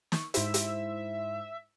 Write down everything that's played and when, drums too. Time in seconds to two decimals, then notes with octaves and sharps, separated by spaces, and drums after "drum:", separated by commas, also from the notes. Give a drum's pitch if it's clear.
0.12 C#6, drum: snare
0.34 G#2 E4 C5 E5, drum: hi-hat
0.54 drum: hi-hat